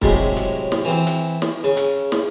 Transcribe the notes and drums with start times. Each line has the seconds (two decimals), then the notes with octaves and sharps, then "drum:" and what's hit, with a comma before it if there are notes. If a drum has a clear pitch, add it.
0.02 A2 C3 F#3 G#3, drum: kick
0.37 drum: hi-hat
0.72 drum: snare
0.85 E3 C4
1.07 drum: hi-hat
1.42 drum: snare
1.64 C#3
1.77 drum: hi-hat
2.12 drum: snare